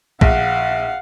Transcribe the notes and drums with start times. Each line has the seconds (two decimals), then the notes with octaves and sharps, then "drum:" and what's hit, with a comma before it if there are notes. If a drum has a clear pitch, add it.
0.21 A#1 F5 F#5, drum: kick